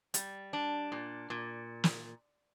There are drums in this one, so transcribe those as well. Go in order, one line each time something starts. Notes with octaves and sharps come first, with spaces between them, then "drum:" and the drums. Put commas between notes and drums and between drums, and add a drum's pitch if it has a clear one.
G3, drum: hi-hat
D4
A#2
A#2
drum: snare